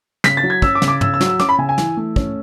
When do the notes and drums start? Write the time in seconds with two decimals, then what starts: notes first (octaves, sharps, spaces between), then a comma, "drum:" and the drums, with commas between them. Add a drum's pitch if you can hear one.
0.24 C#3 B6, drum: snare
0.37 A6
0.43 F#3
0.50 G#6
0.62 C#4 E6, drum: kick
0.75 D6
0.82 C#3, drum: snare
0.88 D6
1.01 C#3 E6, drum: tom
1.14 E6
1.21 F#3, drum: snare
1.27 E6
1.39 C#4 D6, drum: snare
1.49 B5
1.58 C#3 G#5
1.69 G#5
1.78 E3, drum: snare
1.97 A3
2.16 C#4, drum: kick